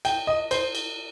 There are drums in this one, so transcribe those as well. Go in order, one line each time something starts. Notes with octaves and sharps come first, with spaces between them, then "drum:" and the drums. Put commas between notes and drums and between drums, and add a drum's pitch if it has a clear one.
G5, drum: cymbal
D#5
C5, drum: cymbal
drum: cymbal